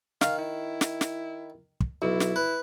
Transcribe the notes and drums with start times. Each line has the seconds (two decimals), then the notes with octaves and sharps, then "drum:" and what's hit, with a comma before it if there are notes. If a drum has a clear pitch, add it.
0.21 D#3 F5, drum: snare
0.38 E4
0.81 drum: snare
1.01 drum: snare
1.80 drum: kick
2.02 B1 E4
2.20 drum: snare
2.36 B4